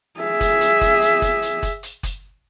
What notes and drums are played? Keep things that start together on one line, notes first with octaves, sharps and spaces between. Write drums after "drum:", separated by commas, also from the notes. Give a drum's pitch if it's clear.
G#4 E5
drum: kick F#1, hi-hat
drum: hi-hat
drum: kick F#1, hi-hat
drum: hi-hat
drum: kick F#1, hi-hat
drum: hi-hat
drum: kick F#1, hi-hat
drum: hi-hat
drum: kick F#1, hi-hat